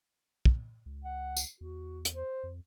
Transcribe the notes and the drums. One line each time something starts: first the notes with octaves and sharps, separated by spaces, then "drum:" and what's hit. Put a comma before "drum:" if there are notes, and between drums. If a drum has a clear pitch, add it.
drum: kick
C#2
F#5
drum: tambourine
E2 F#4
drum: hi-hat
C5
F2